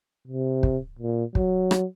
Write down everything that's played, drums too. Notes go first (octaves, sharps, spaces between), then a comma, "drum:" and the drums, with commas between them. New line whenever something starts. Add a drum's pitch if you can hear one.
C3
drum: kick
A#2
F#3, drum: kick
drum: rim click